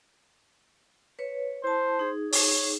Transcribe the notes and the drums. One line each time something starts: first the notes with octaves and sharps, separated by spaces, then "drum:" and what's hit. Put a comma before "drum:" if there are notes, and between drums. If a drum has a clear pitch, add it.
B4 C#5
E4 C5 A5
D#4 G#4
C#5, drum: open hi-hat